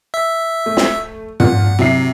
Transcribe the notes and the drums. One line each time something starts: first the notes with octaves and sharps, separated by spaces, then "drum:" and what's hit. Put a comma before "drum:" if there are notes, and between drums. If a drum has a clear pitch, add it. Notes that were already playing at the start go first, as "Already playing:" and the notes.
E5
A3
drum: snare
A#2 F3 F4 F#5, drum: tom
C3 F#3 E4 C7